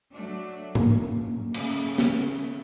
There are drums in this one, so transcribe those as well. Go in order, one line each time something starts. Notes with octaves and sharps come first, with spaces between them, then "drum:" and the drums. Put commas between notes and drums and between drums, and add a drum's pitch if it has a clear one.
F#3 A3 D4
F#2 A#3, drum: tom G#2
C#3 A3, drum: cymbal
drum: snare